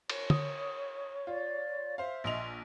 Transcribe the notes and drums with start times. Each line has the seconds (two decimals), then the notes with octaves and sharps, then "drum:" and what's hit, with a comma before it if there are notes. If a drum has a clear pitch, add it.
0.10 C#5, drum: cymbal
0.30 D#6, drum: tom
1.27 F4 D5
1.98 C5 E5 F5
2.24 A#1 D#5 C6 F7